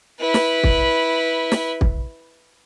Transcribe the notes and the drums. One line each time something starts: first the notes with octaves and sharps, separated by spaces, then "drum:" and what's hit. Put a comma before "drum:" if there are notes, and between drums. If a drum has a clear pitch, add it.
E4 B4
drum: snare
drum: kick
drum: snare
drum: kick